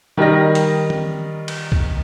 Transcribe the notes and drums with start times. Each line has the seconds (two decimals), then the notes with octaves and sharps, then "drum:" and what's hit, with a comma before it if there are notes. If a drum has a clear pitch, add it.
0.17 D#3 G3 A#4 D#5 A#6
0.55 drum: hi-hat
0.90 drum: tom
1.48 drum: cymbal
1.72 drum: kick C2